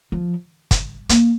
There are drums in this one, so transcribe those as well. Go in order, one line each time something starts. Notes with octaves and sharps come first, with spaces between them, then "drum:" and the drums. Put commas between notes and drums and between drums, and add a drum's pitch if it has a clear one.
F3
drum: kick, hi-hat
A#3, drum: hi-hat